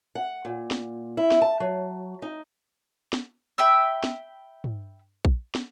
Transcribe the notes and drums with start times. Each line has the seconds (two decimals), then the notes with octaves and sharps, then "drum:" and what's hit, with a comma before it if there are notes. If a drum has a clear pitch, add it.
0.15 F#5
0.45 A#2
0.71 drum: snare
1.17 E4
1.31 drum: snare
1.42 A5
1.60 F#3
2.22 D#4
3.13 drum: snare
3.58 E5 G5 B5 E6
4.04 drum: snare
4.64 drum: tom
5.25 drum: kick A#1
5.55 drum: snare